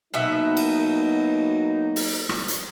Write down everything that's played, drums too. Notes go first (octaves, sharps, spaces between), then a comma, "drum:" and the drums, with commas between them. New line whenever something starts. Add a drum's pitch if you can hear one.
B2 F#3 A#3 B3 D#4 E5
drum: cymbal
drum: open hi-hat
drum: rim click
drum: hi-hat